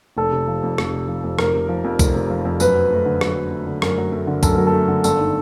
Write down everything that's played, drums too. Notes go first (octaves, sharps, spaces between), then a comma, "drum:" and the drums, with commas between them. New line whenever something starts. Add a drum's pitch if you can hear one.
F1 A4
C3
F3
F2
F1, drum: rim click
C3
F3
F2
F1 A#4, drum: rim click
C3
F3
F2
F1, drum: kick B1, tambourine
C3
F3
F2
F#2 B4, drum: tambourine
F#3
A3
D3
F#2, drum: rim click
F#3
A3
D3
F#2 A#4, drum: rim click
F#3
A3
D3
F#2 A4, drum: kick B1, tambourine
F#3 A#4
A4
A3
D3
G1 A4, drum: tambourine
D#3